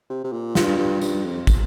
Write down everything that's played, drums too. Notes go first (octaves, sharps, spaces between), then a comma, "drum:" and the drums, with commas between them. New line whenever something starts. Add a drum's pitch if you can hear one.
C3
C3
A#2
G2 F4, drum: snare
G2
G2, drum: tambourine
F2
drum: kick, tambourine